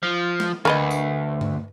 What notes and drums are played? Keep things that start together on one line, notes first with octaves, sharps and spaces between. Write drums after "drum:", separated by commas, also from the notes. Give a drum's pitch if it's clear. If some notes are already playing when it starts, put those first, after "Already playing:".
F3
drum: snare
D2 A#4 B4 D#5, drum: tom D3
drum: tambourine
drum: tom G2